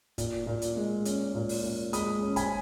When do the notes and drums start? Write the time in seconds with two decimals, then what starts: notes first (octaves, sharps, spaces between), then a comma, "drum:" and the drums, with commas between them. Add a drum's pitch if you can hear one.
0.18 A#2, drum: kick, hi-hat
0.47 A#2
0.62 drum: hi-hat
0.77 G#3
1.05 C#4, drum: hi-hat
1.35 A#2
1.49 drum: open hi-hat
1.64 A#2
1.93 G#3 B5 D#6, drum: hi-hat
2.22 C#4
2.36 G#5 B5, drum: kick, hi-hat